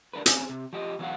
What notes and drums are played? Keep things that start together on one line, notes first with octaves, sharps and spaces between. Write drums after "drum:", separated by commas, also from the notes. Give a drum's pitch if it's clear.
D4 E4 A#4 B4
C4 C#4 G#4, drum: hi-hat
C3
F3 G4 D#5
E3 F#3 B3 F#4 F5 F#5